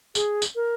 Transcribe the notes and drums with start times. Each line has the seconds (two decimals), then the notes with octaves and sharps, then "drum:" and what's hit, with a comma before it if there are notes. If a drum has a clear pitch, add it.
0.15 G#4, drum: tambourine
0.42 drum: tambourine
0.55 A#4